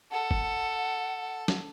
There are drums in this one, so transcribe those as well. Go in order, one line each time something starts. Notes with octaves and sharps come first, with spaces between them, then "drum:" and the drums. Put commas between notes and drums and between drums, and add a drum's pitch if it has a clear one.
A4 F#5
drum: kick
drum: snare